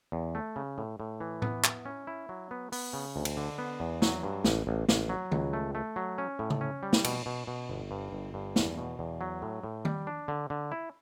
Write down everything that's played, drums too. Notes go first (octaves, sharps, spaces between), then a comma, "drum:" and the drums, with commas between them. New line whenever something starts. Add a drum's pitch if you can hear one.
E2
A3
C#3
A2
A2
E3
B3, drum: tom A2
E4, drum: clap
C#4
E4
F#3
B3
B3, drum: open hi-hat
C#3
D2
drum: cymbal
D3
B3
E2
F#3, drum: snare
G2
A1, drum: snare
A1
A1, drum: snare
F#3
C#2, drum: tom D#3
A3
A3
F#3
C#4
A2
drum: tom C#3
C#4
G3
drum: snare
B2, drum: cymbal
B2
B2
G1
G2
G1
G2
E2, drum: snare
B2
E2
F#3
A2
A2
G3, drum: tom D#3
D4
D3
D3
E4